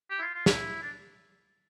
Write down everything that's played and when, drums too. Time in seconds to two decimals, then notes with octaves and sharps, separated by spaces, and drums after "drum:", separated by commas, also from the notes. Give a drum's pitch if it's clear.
0.10 G4
0.19 E4
0.22 F4
0.34 F4
0.46 E4, drum: snare
0.82 D4